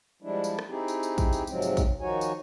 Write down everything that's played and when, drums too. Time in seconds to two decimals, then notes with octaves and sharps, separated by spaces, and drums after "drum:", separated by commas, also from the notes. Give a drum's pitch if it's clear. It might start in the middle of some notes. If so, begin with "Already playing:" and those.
0.22 F3 G3 G#3 D4 E4
0.44 drum: tambourine
0.59 drum: rim click
0.69 C4 D#4 E4 G4 G#4
0.88 drum: tambourine
1.03 drum: tambourine
1.18 drum: kick, tambourine
1.33 drum: tambourine
1.47 G#2 C3 F3 F#3 G#3 C4, drum: tambourine
1.62 drum: tambourine
1.77 drum: kick, tambourine
2.01 D#3 F3 D#4 F#4 C#5 G#5
2.21 drum: tambourine